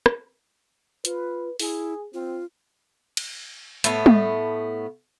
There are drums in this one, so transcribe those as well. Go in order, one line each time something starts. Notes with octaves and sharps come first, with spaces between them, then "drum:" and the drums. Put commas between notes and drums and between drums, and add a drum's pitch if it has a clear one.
drum: rim click
F4 B4, drum: hi-hat
E4 G#4, drum: open hi-hat
C4 F4
drum: cymbal
A2 B3, drum: hi-hat
drum: tom